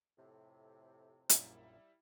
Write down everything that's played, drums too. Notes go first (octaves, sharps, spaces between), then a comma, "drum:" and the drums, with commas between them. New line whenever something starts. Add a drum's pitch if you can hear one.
F2 A2 C3
A#1 F#2 A#2 G3 E4 E5, drum: hi-hat